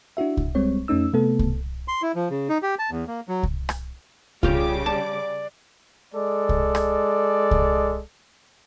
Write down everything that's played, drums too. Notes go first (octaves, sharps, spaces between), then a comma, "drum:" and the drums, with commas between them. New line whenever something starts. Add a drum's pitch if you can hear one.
D4 E4 F#4 E5
drum: kick C2
G3 G#3 C4 C#5
F2 A3 C#4 D#4 E6
C3 A3 B3 A4
drum: kick C2
C6
E4
F3
C#3
D#4
G4
A5
E2
A#3
F#3
drum: kick C2
drum: rim click
C#3 G3 F4 G4 D6, drum: kick C2
D5 A5
G#3 A4 D5
drum: kick C2
drum: rim click
drum: kick C2